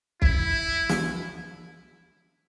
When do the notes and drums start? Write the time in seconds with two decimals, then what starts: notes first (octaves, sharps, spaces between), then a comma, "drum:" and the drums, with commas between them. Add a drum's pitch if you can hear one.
0.22 E4, drum: kick
0.89 drum: snare